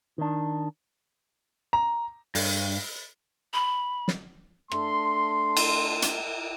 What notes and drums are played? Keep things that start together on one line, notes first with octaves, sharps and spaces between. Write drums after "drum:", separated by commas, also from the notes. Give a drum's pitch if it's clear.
D#3 D4
A#5
G2, drum: open hi-hat
B5
drum: snare
A3 D4 C6, drum: rim click
drum: cymbal
drum: hi-hat